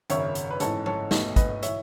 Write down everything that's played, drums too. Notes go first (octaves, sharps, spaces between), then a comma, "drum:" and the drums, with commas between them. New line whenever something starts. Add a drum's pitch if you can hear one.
G#1 F#2 C#3 C#5 E5, drum: hi-hat
drum: hi-hat
B4
A1 G#2 E3 A4 C#5, drum: hi-hat
A4 C#5, drum: tom F3
B1 B2 A3 B4 D#5, drum: snare
B4 D#5, drum: kick, hi-hat
E3 C#5 E5, drum: hi-hat